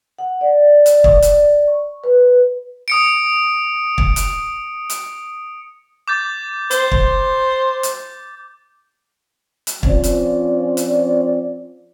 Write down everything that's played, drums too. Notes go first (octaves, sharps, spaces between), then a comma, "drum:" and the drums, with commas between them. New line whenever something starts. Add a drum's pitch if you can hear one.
F#5
D5
drum: hi-hat
drum: kick
drum: hi-hat
C#6
B4
D#6 C#7 D7
drum: kick
drum: hi-hat
drum: hi-hat
D6 G6 A6
C5 G6, drum: hi-hat
drum: kick
drum: hi-hat
drum: hi-hat
F3 C4 C#4 F4 D5, drum: kick
drum: hi-hat
drum: hi-hat